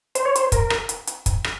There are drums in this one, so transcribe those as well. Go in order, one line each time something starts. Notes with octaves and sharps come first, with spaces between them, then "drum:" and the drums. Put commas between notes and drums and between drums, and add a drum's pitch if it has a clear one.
C5, drum: hi-hat
C#5
C5, drum: hi-hat
A#4, drum: kick, hi-hat
drum: rim click
drum: hi-hat
drum: hi-hat
drum: kick, hi-hat
drum: rim click